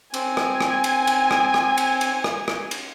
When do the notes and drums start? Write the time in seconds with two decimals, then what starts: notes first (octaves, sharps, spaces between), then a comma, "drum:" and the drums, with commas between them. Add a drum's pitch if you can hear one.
0.14 C4 G#5, drum: cymbal
0.37 drum: rim click
0.61 drum: rim click
0.84 drum: cymbal
1.07 drum: cymbal
1.31 drum: rim click
1.54 drum: rim click
1.78 drum: cymbal
2.01 drum: cymbal
2.24 drum: rim click
2.48 drum: rim click
2.71 drum: cymbal